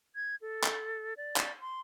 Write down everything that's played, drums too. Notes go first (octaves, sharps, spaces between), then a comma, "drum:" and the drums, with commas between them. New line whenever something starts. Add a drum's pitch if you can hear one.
G#6
A4
drum: clap
D5
drum: clap
C6